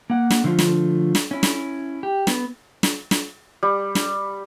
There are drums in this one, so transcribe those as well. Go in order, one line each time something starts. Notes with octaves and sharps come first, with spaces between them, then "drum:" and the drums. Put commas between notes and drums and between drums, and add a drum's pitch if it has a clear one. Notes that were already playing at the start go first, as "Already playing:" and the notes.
A#3 F#5
drum: snare
D3 F3 A3 F4
drum: snare
drum: snare
C#4 E4
drum: snare
G4
B3, drum: snare
drum: snare
drum: snare
G3
drum: snare